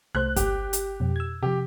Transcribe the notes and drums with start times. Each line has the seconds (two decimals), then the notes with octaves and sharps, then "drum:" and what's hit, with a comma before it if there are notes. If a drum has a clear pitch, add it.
0.15 C2 A3 C5 F#6
0.36 G1 G4, drum: kick, hi-hat
0.73 drum: hi-hat
1.00 F2 B2
1.16 E6 G#6
1.43 C3 F3 G4